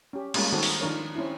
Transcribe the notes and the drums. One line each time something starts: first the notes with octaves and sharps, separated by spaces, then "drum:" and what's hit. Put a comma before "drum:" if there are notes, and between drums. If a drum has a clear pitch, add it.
C#4 G4
G3 G#3 A#3 C#4 F4, drum: cymbal
D#3 C4 F#4 A4
drum: open hi-hat
D#3 F3 D4 A#4 C#5
C4 C#4 E4